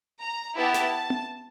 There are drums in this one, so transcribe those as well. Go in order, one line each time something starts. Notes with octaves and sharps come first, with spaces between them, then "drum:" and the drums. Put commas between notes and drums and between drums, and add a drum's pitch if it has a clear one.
A#5
B3 E4 G4 A5
drum: snare
drum: tom B3